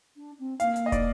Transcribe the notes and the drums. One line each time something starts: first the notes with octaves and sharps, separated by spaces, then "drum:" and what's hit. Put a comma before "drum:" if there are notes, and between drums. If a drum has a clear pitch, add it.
D4
C4
A#3 F5, drum: hi-hat
drum: hi-hat
D#5
D5, drum: kick, hi-hat